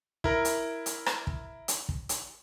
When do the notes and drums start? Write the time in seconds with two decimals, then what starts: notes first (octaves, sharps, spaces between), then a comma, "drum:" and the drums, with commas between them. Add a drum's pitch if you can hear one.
0.24 E4 A#4, drum: kick
0.45 drum: hi-hat
0.86 drum: hi-hat
1.06 drum: rim click
1.27 drum: kick
1.68 drum: hi-hat
1.89 drum: kick
2.09 drum: hi-hat